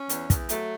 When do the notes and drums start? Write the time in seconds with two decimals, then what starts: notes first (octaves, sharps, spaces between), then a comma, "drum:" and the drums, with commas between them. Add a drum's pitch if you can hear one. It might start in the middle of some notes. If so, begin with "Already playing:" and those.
Already playing: C#4
0.09 E2, drum: hi-hat
0.30 E2, drum: kick, hi-hat
0.49 F#3 A3, drum: hi-hat